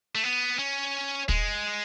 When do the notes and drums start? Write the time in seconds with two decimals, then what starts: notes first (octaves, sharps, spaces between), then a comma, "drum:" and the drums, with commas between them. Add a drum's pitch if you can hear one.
0.15 A3
0.24 B3
0.59 C#4
1.29 G#3, drum: kick